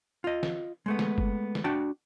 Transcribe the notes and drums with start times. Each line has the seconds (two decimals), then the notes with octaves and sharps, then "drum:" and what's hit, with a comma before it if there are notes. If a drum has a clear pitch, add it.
0.24 F4 D#5
0.43 drum: snare
0.86 G#3 A3 B3
0.99 drum: snare
1.18 drum: kick F#1
1.55 drum: snare
1.64 D4 F#4 G5 A5